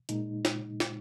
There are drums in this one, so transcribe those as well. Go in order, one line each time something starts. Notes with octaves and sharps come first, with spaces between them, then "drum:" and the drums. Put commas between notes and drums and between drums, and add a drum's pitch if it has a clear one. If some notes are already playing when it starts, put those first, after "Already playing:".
A#2 G#3 D#4, drum: hi-hat
drum: snare
drum: snare